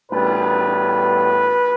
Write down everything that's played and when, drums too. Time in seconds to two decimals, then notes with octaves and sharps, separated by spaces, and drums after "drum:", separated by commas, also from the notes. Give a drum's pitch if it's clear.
0.12 A2 G3 B3 B4, drum: cymbal